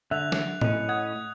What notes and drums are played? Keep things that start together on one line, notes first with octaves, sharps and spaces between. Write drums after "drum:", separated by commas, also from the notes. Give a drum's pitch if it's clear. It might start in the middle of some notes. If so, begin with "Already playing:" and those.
D3 E5 F#6 F7
drum: snare
A2 C#4 D#5, drum: tom A2
F#5 D#6 G#6